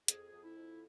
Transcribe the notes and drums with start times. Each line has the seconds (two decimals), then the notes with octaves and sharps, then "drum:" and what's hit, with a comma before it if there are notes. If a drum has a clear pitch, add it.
0.08 F2 G#4, drum: hi-hat
0.32 F2
0.44 E4
0.57 F2